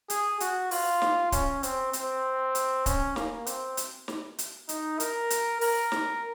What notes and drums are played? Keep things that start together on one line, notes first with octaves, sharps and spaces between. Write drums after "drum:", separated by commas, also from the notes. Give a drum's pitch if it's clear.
G#4, drum: hi-hat
F#4, drum: hi-hat
F4, drum: open hi-hat
drum: snare
C#4, drum: kick C#1, hi-hat
C4, drum: hi-hat
C4, drum: hi-hat
drum: hi-hat
C#4, drum: kick C#1, hi-hat
A#3, drum: snare
C4, drum: hi-hat
drum: hi-hat
drum: snare
drum: hi-hat
D#4, drum: hi-hat
A#4, drum: hi-hat
drum: hi-hat
A#4, drum: open hi-hat
drum: snare